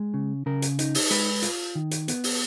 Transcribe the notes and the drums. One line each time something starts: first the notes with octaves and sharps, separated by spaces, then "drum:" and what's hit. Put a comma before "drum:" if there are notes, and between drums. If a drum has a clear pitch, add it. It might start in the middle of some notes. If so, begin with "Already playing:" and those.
Already playing: G#3
C#3
C#3 A#4
drum: hi-hat
D#4, drum: hi-hat
drum: open hi-hat
G#3 B4, drum: hi-hat
F4, drum: hi-hat
D#3
drum: hi-hat
B3, drum: hi-hat
drum: open hi-hat